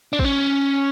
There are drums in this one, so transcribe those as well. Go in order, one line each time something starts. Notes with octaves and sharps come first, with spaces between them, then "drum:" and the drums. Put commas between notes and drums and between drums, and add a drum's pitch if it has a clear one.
D4
C4, drum: kick
C#4